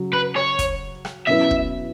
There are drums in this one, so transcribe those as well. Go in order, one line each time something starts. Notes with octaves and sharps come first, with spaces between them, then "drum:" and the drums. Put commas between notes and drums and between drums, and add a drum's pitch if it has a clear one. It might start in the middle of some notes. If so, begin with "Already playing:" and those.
Already playing: C#3 F#3
B4
C#5
drum: kick, hi-hat
drum: rim click
B2 F#3 C#4 E4 B4 E5
drum: kick